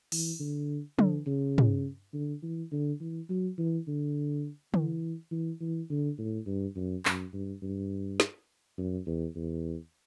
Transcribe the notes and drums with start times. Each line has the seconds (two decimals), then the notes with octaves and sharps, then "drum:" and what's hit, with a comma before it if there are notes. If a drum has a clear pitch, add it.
0.12 E3, drum: open hi-hat
0.40 D3
0.99 D3, drum: tom
1.27 C#3
1.58 drum: tom
2.14 D3
2.43 E3
2.72 D3
3.00 E3
3.29 F#3
3.58 E3
3.88 D3
4.74 E3, drum: tom
5.31 E3
5.61 E3
5.90 D3
6.18 A2
6.46 G2
6.76 F#2
7.05 F#2, drum: clap
7.33 G2
7.62 G2
8.20 drum: snare
8.78 F#2
9.07 E2
9.35 E2